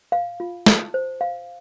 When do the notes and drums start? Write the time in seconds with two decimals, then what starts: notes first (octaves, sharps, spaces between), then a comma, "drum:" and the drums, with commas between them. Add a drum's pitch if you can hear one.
0.12 F5
0.40 F4
0.66 A5, drum: snare
0.94 C5
1.21 F5